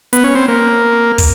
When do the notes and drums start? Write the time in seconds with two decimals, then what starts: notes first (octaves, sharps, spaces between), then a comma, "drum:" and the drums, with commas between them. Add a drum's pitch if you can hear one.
0.13 B3, drum: hi-hat
0.24 C#4
0.35 C4
0.48 A#3
1.18 drum: kick, open hi-hat